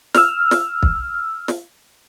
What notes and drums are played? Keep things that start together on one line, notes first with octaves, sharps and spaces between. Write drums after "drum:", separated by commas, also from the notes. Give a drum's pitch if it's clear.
E6 F6, drum: snare
drum: snare
drum: kick
drum: snare